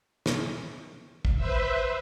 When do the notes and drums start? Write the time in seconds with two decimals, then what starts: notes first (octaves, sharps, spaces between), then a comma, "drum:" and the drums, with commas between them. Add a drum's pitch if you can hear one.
0.26 drum: snare
1.25 drum: kick
1.36 B4 C5 E5